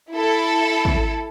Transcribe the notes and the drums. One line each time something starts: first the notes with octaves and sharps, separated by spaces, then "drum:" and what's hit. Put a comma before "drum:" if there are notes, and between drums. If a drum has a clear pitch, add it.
E4 A4
drum: kick